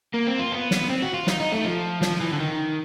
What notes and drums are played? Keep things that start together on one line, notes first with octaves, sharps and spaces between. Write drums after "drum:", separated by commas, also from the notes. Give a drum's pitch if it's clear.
A#3
C4
F4
B3
drum: snare
C4
F#4
F4
D#4, drum: snare
D#4
A3
F3
F3, drum: snare
E3
D3
D#3